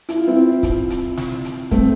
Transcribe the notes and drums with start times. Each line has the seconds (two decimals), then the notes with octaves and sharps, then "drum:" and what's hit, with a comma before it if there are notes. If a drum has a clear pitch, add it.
0.09 E4, drum: hi-hat
0.18 F4
0.27 C4 E4
0.63 drum: kick, hi-hat
0.90 drum: hi-hat
1.17 drum: snare
1.45 drum: hi-hat
1.71 A3 C4, drum: kick, hi-hat